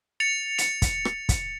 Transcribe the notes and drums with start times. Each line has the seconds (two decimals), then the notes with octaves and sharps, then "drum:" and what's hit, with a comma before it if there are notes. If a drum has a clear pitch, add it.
0.20 A6 C#7 F7
0.58 C#7 F7, drum: hi-hat
0.82 drum: kick, hi-hat
1.05 drum: rim click
1.29 drum: kick, hi-hat